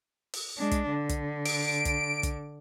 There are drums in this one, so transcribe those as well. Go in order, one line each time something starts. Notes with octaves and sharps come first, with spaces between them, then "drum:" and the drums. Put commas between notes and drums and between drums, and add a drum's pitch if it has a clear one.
drum: open hi-hat
G#3 D4
drum: kick, hi-hat
D3
drum: kick, hi-hat
D7, drum: open hi-hat
drum: kick, hi-hat
drum: kick, hi-hat